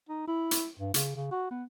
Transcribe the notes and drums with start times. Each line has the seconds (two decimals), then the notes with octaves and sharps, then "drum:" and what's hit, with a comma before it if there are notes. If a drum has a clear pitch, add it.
0.09 D#4
0.28 E4
0.51 drum: hi-hat
0.80 G2
0.94 C#3, drum: hi-hat
1.16 C#3
1.31 F#4
1.51 B3